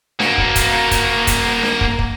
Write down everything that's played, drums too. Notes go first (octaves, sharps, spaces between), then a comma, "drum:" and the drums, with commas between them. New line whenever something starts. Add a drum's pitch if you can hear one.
A#3 F#4, drum: snare D4
drum: kick
drum: kick, hi-hat
drum: kick, hi-hat
drum: kick, hi-hat
drum: snare D4
drum: kick
drum: kick